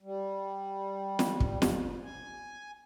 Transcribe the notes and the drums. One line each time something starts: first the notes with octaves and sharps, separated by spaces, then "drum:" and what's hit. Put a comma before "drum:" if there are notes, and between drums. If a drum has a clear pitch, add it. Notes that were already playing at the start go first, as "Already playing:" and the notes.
G3
drum: snare
drum: kick
drum: snare
G#5